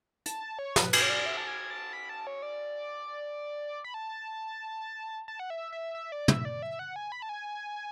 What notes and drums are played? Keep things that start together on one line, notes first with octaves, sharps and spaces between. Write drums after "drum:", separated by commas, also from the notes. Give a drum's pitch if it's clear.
A5, drum: hi-hat
C#5
B4, drum: snare
B4, drum: cymbal
C#5
D5
E5
A5
G#5
A5
B5
A5
C#5
D5
B5
A5
A5
F#5
E5
E5
E5
D5
E5, drum: tom
D5
E5
F#5
G#5
B5
A5
G#5